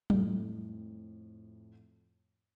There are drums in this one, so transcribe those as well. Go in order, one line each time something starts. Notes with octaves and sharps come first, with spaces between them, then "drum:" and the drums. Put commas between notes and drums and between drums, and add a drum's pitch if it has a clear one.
F2 A2, drum: tom F#3